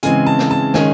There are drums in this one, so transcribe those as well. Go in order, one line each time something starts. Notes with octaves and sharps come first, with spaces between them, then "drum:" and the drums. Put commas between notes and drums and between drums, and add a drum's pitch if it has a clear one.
C#3 E3 G#3 C4 G#5, drum: hi-hat
A5
drum: snare
A5
D#3 G#3 C#4 G#5, drum: snare